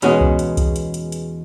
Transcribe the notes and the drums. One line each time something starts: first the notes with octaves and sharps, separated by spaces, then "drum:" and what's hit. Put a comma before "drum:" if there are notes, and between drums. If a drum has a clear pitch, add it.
E2 B2 G#3 C#4 F#4, drum: hi-hat
drum: kick C2
drum: hi-hat
drum: kick C2, hi-hat
drum: hi-hat
drum: hi-hat
drum: hi-hat